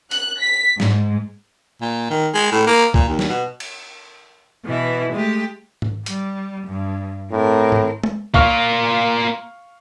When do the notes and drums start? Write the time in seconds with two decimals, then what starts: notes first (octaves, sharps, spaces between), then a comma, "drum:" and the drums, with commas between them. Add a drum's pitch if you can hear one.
0.11 F#6, drum: hi-hat
0.41 B6
0.80 G#2, drum: snare
1.81 A#2
2.10 D#3
2.34 G#3
2.52 A2
2.67 A#3
2.94 A#2, drum: kick
3.08 D#2
3.19 drum: snare
3.29 B2
3.60 drum: cymbal
4.65 B2 E3 E4
5.12 G#3 A3 G4
5.82 drum: tom G#2
6.06 G3, drum: hi-hat
6.68 G2
7.31 A2 C4 A#4
7.72 drum: tom G#2
8.04 drum: tom G#3
8.34 A#3 F4 F5 C#6 F6, drum: kick